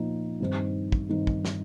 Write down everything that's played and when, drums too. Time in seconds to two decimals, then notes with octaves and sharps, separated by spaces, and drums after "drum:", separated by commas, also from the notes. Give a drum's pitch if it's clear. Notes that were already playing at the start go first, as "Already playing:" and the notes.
Already playing: A#2 F3 D#4
0.40 G2 D#3 C4 D#4
0.92 drum: kick
1.09 G2 D#3 C4 D#4
1.27 drum: kick
1.45 drum: snare